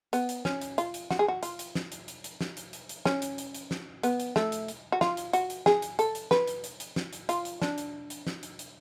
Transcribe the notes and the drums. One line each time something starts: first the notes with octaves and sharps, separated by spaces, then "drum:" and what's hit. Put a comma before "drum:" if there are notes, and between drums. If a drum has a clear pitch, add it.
B3, drum: hi-hat
drum: hi-hat
C#4, drum: snare
drum: hi-hat
F4, drum: hi-hat
drum: hi-hat
F#4, drum: snare
G#4
F#4
F4, drum: hi-hat
drum: hi-hat
drum: snare
drum: hi-hat
drum: hi-hat
drum: hi-hat
drum: snare
drum: hi-hat
drum: hi-hat
drum: hi-hat
C#4, drum: snare
drum: hi-hat
drum: hi-hat
drum: hi-hat
drum: snare
B3, drum: hi-hat
drum: hi-hat
A3, drum: snare
drum: hi-hat
drum: hi-hat
F#4
F4, drum: snare
drum: hi-hat
F#4, drum: hi-hat
drum: hi-hat
G#4, drum: snare
drum: hi-hat
A4, drum: hi-hat
drum: hi-hat
B4, drum: snare
drum: hi-hat
drum: hi-hat
drum: hi-hat
drum: snare
drum: hi-hat
F4, drum: hi-hat
drum: hi-hat
D4, drum: snare
drum: hi-hat
drum: hi-hat
drum: snare
drum: hi-hat
drum: hi-hat